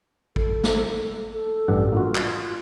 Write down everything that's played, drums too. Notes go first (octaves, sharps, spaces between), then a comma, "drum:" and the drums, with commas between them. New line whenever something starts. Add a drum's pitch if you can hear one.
A4, drum: kick
drum: snare
A4
A1 G2 F#5
A#3 F4 F#4
drum: clap